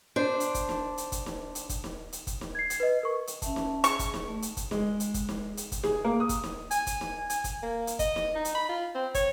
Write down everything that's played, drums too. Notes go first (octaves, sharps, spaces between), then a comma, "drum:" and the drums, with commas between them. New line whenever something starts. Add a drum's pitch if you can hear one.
D4 C5
drum: hi-hat
drum: kick, hi-hat
drum: snare
drum: hi-hat
drum: kick, hi-hat
drum: snare
drum: hi-hat
drum: kick, hi-hat
drum: snare
drum: hi-hat
drum: kick, hi-hat
drum: snare
G#6 C7
drum: hi-hat
B4 D#5
A#4 C#6
drum: hi-hat
C#4 E5 A5, drum: kick, hi-hat
drum: snare
G#4 C#6, drum: hi-hat
drum: kick, hi-hat
drum: snare
A3
drum: hi-hat
drum: kick, hi-hat
G#3, drum: snare
drum: hi-hat
drum: kick, hi-hat
drum: snare
drum: hi-hat
drum: kick, hi-hat
G#4, drum: snare
A#3
D#6
drum: kick, hi-hat
drum: snare
G#5, drum: hi-hat
drum: kick, hi-hat
drum: snare
G#5, drum: hi-hat
drum: kick, hi-hat
A#3
drum: hi-hat
D#5, drum: kick, hi-hat
drum: snare
D#4
drum: hi-hat
B5
F4
C4
C#5, drum: kick, hi-hat